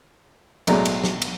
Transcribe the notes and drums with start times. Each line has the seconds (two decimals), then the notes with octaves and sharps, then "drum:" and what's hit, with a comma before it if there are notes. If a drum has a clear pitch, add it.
0.67 B1 A2 F#3 G#3 D5 A#5, drum: cymbal
0.85 drum: cymbal
1.04 drum: snare
1.22 drum: cymbal